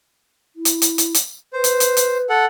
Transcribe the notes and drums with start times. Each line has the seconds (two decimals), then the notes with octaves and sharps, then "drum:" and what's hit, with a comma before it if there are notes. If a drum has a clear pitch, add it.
0.56 E4
0.65 drum: hi-hat
0.82 drum: hi-hat
0.98 drum: hi-hat
1.14 drum: hi-hat
1.53 B4 C5
1.64 drum: hi-hat
1.80 drum: hi-hat
1.97 drum: hi-hat
2.29 A4 F#5